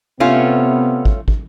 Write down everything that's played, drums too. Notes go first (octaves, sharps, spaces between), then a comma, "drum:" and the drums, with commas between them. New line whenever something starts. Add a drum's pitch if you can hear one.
C3 A3 B3 C#4 F4
drum: kick
drum: kick